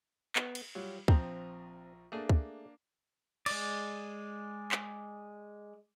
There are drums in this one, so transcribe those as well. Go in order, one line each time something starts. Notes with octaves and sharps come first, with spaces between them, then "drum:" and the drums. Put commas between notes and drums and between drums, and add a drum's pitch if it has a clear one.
B3, drum: clap
drum: cymbal
F#3 G3 F4
A#1 F3 C4 A#5, drum: kick
A3 A#3 D4 G#4
drum: kick
G#3 D5, drum: cymbal
drum: clap